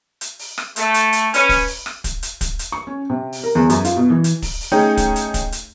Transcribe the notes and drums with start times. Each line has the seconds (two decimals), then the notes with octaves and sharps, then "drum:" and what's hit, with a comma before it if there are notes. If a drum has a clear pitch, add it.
0.21 drum: hi-hat
0.39 drum: open hi-hat
0.58 drum: rim click
0.76 A3, drum: hi-hat
0.94 drum: hi-hat
1.13 drum: hi-hat
1.34 C#4 B4, drum: hi-hat
1.49 drum: kick, open hi-hat
1.68 drum: open hi-hat
1.86 drum: rim click
2.04 drum: kick, hi-hat
2.23 drum: hi-hat
2.41 drum: kick, hi-hat
2.59 drum: hi-hat
2.72 C#6
2.87 C#4
3.10 C3
3.32 drum: open hi-hat
3.44 A#4
3.55 E2
3.70 F#2, drum: hi-hat
3.85 F4, drum: hi-hat
3.97 B2
4.10 E3
4.24 drum: hi-hat
4.42 drum: kick, open hi-hat
4.61 drum: open hi-hat
4.72 A3 C#4 D#4 G#4 C#5 G5
4.97 drum: kick, hi-hat
5.16 drum: hi-hat
5.34 drum: kick, hi-hat
5.52 drum: hi-hat